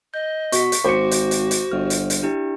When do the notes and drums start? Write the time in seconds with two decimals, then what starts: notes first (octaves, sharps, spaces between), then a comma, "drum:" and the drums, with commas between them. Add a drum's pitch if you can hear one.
0.14 D#5 G6
0.52 B2 C#6 B6, drum: hi-hat
0.72 drum: hi-hat
0.84 G#1 F#4 C5 D6 C#7
1.11 drum: hi-hat
1.31 drum: hi-hat
1.51 drum: hi-hat
1.71 G1 F6
1.90 drum: hi-hat
2.10 drum: hi-hat
2.23 D4 E4 G4